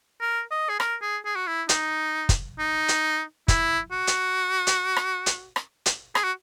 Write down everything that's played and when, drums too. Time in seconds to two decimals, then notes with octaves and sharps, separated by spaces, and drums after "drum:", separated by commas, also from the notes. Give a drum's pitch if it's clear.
0.21 A#4
0.51 D#5
0.69 G#4
0.80 A#4, drum: rim click
1.02 G#4
1.25 G#4
1.36 F#4
1.47 E4
1.69 D#4, drum: hi-hat
2.29 drum: kick, hi-hat
2.59 D#4
2.88 drum: hi-hat
3.48 E4, drum: kick, hi-hat
3.92 F#4
4.07 drum: hi-hat
4.67 drum: hi-hat
4.96 drum: rim click
5.26 drum: hi-hat
5.56 drum: rim click
5.86 drum: hi-hat
6.15 G#4, drum: rim click
6.24 F#4